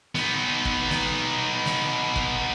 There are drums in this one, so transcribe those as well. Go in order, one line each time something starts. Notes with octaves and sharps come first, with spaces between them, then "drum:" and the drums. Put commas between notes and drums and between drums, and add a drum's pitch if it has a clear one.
B3 D#4, drum: snare
drum: kick
drum: snare
drum: snare
drum: kick